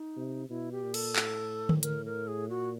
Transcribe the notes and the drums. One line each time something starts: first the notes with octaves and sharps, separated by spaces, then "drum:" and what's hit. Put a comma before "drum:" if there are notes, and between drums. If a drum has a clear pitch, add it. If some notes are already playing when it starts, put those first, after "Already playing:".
Already playing: D#4
C3
B2 E4
G4
A#2
A4, drum: cymbal
A2, drum: clap
drum: tom D3
A#4, drum: hi-hat
A#4
G#4
A#2 F#4